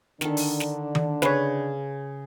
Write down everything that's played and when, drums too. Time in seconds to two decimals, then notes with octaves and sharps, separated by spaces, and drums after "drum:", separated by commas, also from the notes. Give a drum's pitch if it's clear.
0.21 D3 D#3 D4 A4, drum: snare
0.37 drum: open hi-hat
0.60 drum: snare
0.95 drum: tom D#3
1.22 C#3 B4 C#5, drum: snare